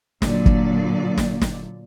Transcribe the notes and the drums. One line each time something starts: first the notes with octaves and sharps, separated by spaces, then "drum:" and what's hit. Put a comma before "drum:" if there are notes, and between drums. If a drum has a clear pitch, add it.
A#2 D3 F#3 D5, drum: snare
drum: kick
drum: snare
drum: snare